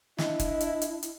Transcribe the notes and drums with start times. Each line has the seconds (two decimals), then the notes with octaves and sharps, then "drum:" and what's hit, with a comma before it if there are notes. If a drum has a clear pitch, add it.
0.18 D4 E4 D#5, drum: snare
0.39 drum: kick, hi-hat
0.61 drum: hi-hat
0.82 drum: hi-hat
1.03 drum: hi-hat